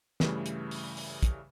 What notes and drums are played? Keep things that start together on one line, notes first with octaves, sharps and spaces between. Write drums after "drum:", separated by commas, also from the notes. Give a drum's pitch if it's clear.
G2 C#3 E3 G3 A3, drum: snare
drum: hi-hat
drum: open hi-hat
drum: open hi-hat
drum: kick, hi-hat